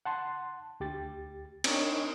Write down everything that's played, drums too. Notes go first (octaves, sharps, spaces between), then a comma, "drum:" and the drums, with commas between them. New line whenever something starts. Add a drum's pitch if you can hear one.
F#5 A5 C6
D2 G4 A6
C4 D4 D#4 A#4 C#5, drum: cymbal